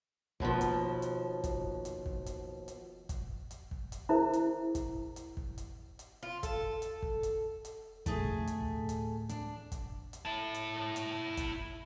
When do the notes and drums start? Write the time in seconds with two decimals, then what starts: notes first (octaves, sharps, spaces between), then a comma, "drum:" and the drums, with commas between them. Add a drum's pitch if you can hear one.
0.40 D#2 B2 D3 F3, drum: kick
0.61 drum: hi-hat
1.02 drum: hi-hat
1.44 drum: kick, hi-hat
1.85 drum: hi-hat
2.06 drum: kick
2.26 drum: hi-hat
2.68 drum: hi-hat
3.09 drum: kick, hi-hat
3.51 drum: hi-hat
3.71 drum: kick
3.92 drum: hi-hat
4.09 E4 G#4 A#4 C5 E5 A#5
4.33 drum: hi-hat
4.75 drum: kick, hi-hat
5.16 drum: hi-hat
5.37 drum: kick
5.58 drum: hi-hat
5.99 drum: hi-hat
6.23 F4
6.43 A4, drum: kick, hi-hat
6.82 drum: hi-hat
7.02 drum: kick
7.23 drum: hi-hat
7.65 drum: hi-hat
8.06 E1 B1 F2 A3 G#4, drum: kick, hi-hat
8.47 drum: hi-hat
8.60 D1
8.89 drum: hi-hat
9.29 D4, drum: hi-hat
9.72 drum: kick, hi-hat
10.13 drum: hi-hat
10.25 E4 A5
10.54 drum: hi-hat
10.96 drum: hi-hat
11.37 drum: kick, hi-hat